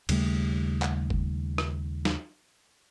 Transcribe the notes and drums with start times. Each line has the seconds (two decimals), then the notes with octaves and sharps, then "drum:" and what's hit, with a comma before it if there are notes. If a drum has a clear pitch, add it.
0.09 D#2 C#3 G3 A3, drum: cymbal
0.82 drum: clap
1.10 drum: kick F#1
1.58 drum: rim click
2.05 drum: snare